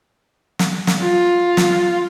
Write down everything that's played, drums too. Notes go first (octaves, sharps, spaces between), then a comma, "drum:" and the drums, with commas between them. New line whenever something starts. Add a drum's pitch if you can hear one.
drum: snare
drum: snare
F4
drum: snare